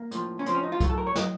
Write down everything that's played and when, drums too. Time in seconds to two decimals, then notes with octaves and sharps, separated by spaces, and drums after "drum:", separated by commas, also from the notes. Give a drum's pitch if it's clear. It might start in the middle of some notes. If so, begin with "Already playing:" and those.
Already playing: A#3
0.11 A2 F3, drum: hi-hat
0.39 C#4
0.46 A2 F3 C4, drum: hi-hat
0.55 C#4
0.63 D#4
0.72 F4
0.80 A2 F#3, drum: kick C2, hi-hat
0.90 A4
0.98 A#4
1.07 C#5
1.16 A2 F#3 D#5, drum: snare